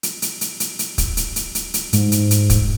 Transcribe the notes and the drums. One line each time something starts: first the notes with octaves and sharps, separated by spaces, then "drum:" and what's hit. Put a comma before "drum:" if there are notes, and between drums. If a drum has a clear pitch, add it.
drum: hi-hat
drum: hi-hat
drum: hi-hat
drum: hi-hat
drum: hi-hat
drum: kick, hi-hat
drum: hi-hat
drum: hi-hat
drum: hi-hat
drum: hi-hat
G#2, drum: hi-hat
drum: hi-hat
drum: hi-hat
drum: kick, hi-hat